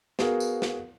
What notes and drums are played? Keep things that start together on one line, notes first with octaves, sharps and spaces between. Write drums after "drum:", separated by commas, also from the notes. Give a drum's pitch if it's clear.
B3 F#4 G#4 A#4 F5, drum: snare
drum: tambourine
drum: snare